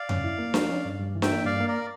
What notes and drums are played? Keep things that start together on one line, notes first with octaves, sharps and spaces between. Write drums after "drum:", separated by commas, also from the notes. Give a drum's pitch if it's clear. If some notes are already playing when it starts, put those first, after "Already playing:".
Already playing: D5 F5
C#4, drum: tom F2
E4
A#3
F3, drum: snare D4
C#4
G2
G2
E3
E5 G5, drum: snare D4
A#3
G2 D5 F5
A#3
A#4 D5